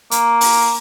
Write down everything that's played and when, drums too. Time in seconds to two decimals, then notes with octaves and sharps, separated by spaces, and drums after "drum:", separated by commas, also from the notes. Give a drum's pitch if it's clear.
0.11 A#3, drum: hi-hat
0.41 drum: open hi-hat